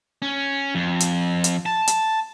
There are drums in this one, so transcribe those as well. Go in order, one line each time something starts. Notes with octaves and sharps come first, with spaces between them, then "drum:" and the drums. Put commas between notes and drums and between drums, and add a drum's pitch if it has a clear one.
C#4
F2
drum: hi-hat
drum: hi-hat
A5
drum: hi-hat